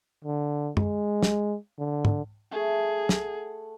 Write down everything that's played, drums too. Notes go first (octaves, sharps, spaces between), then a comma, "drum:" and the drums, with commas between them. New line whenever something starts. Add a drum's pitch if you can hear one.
D3
G#3, drum: tom F#2
drum: snare
D3
drum: tom
A3 G#4
F#5, drum: snare